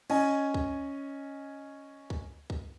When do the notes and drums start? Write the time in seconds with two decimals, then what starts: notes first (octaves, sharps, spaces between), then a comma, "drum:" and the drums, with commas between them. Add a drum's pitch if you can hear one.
0.10 C#4 D#5 G#5, drum: cymbal
0.54 drum: kick
2.10 drum: kick
2.50 drum: kick